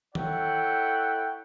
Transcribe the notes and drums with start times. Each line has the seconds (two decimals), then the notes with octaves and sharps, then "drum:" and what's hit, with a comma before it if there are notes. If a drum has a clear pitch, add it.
0.15 E4 A4 C#5 F#5 G5, drum: tom D#3